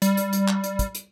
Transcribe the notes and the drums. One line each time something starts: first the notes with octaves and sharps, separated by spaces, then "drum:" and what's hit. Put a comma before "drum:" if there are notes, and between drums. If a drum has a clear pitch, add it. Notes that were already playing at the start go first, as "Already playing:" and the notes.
G3, drum: hi-hat
drum: hi-hat
drum: hi-hat
drum: clap
drum: hi-hat
drum: kick, hi-hat
drum: hi-hat